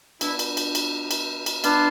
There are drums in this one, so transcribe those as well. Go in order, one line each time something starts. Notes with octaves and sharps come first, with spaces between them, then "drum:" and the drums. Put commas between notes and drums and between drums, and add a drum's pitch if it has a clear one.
B3 D4 E4, drum: cymbal
drum: cymbal
drum: cymbal
drum: cymbal
drum: cymbal
drum: cymbal
B3 D4 F4, drum: cymbal